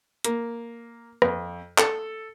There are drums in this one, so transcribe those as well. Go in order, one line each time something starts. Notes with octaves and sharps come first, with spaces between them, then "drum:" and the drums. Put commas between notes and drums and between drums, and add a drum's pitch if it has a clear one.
A#3, drum: hi-hat
F2, drum: rim click
A4, drum: clap